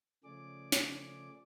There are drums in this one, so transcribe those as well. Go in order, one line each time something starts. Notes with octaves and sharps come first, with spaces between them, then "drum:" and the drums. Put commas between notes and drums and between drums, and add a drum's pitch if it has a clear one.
C#3 F3 A3 G#4 D5 D6
drum: snare